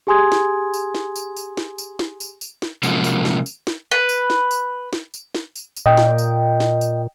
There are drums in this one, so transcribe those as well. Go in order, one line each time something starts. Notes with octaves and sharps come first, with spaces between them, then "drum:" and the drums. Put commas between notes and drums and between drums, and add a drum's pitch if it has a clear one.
G4 G#4 G#5 C6 D#6 G#6
drum: snare
drum: tambourine
drum: snare
drum: tambourine
drum: tambourine
drum: snare
drum: tambourine
drum: snare
drum: tambourine
drum: tambourine
drum: snare
C3 F3 G#3 A#3 C#4 F#4, drum: tambourine
drum: tambourine
drum: snare
drum: tambourine
drum: snare
B4
drum: tambourine
drum: snare
drum: tambourine
drum: snare
drum: tambourine
drum: snare
drum: tambourine
drum: tambourine
A#2 D#5 G5
drum: snare
drum: tambourine
drum: snare
drum: tambourine